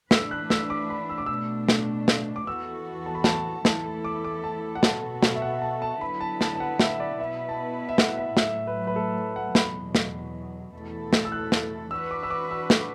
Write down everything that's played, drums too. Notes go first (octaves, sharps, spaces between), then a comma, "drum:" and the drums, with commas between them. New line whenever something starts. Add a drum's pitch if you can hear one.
E3 A3 D4 B4 E6, drum: snare
F#6
E6, drum: snare
D6
B5
E6
D6
B2 A3 D4 E6
drum: snare
drum: snare
D6
E2 E3 B3 F#4 A4 E6
A5
B5
A5, drum: snare
E2 E3 A3 E4 A4 A5, drum: snare
D6
D6
A5
F#5
B2 B3 F#4 A4 A5, drum: snare
drum: snare
E5
F#5
A5
A5
D3 F#3 B3 E4 B4 B5
A5
A5, drum: snare
A5
F#5
E5, drum: snare
D5
B2 B3 E4 B4 E5
A5
E5
F#5, drum: snare
E5
A2 F#3 A3 E5, drum: snare
B4
B4
A4
F#5
E2 B2 F#3 B5, drum: snare
drum: snare
E2 B2 A3 E4 A4
drum: snare
E6
F#6
drum: snare
E3 D4 F#4 B4 E6
D6
E6
D6
E6
drum: snare